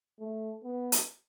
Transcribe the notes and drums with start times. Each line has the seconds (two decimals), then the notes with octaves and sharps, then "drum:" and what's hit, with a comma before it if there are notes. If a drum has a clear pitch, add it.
0.20 A3
0.63 B3
0.92 drum: hi-hat